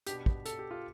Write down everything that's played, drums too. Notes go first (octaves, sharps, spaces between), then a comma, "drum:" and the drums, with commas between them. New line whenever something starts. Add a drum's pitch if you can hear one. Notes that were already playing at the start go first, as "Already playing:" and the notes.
B2 B3 D4 G4, drum: hi-hat
drum: kick
A4, drum: hi-hat
G4
F4